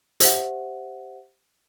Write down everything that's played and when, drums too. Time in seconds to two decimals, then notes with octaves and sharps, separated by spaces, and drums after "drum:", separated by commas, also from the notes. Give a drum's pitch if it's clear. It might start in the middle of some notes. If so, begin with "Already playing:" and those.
0.20 G4 C5 E5 F#5, drum: hi-hat